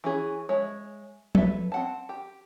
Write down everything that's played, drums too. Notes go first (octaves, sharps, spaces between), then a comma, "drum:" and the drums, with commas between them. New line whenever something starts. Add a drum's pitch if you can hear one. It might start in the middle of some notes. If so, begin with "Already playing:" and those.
E3 C#4 G#4
G#3 C#5 E5
A4 B4 E5, drum: tom F3
C4 F#5 A5
G4